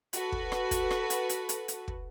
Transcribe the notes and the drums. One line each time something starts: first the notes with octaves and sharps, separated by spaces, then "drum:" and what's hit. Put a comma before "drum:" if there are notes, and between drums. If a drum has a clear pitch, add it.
F#4 A4 B4, drum: hi-hat
drum: kick
drum: rim click
drum: kick, hi-hat
drum: rim click
drum: hi-hat
drum: hi-hat
drum: hi-hat
drum: hi-hat
drum: kick